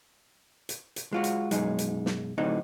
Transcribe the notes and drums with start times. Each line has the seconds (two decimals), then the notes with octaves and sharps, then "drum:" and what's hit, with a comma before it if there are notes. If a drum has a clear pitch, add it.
0.69 drum: hi-hat
0.96 drum: hi-hat
1.13 G#3 F4 F#4
1.24 drum: hi-hat
1.51 B1 F#2 G#3 D#4, drum: hi-hat
1.78 drum: hi-hat
2.06 drum: snare
2.38 A2 D3 F#3 C4 D#4